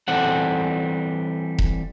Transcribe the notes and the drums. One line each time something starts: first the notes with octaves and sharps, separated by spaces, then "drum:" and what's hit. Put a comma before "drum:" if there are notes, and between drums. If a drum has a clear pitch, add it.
E3 G3 C4 A4 F#5
drum: kick E1